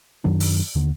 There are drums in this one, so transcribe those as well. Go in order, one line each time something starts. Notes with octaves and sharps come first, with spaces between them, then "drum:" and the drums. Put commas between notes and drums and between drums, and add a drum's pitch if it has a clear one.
F#2 D#3 F#3 D4
drum: open hi-hat
D#2 D3